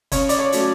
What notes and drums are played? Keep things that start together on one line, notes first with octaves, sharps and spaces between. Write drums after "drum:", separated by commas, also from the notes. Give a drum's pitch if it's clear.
C#3 C#5, drum: kick F#1, hi-hat
D5, drum: hi-hat
C#5
F#3 A3 C#4, drum: hi-hat